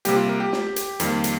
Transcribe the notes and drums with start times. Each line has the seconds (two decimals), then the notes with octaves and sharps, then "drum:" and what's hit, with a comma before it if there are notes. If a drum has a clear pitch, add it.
0.05 C3 G3 A#3 G4, drum: hi-hat
0.16 F4
0.29 A#4
0.40 G4
0.52 drum: snare
0.76 drum: hi-hat
1.00 F2 D#3 G3 A#3, drum: hi-hat
1.24 drum: hi-hat